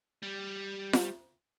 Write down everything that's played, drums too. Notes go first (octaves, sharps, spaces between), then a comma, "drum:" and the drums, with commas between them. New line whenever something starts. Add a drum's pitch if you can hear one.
G3
drum: snare F4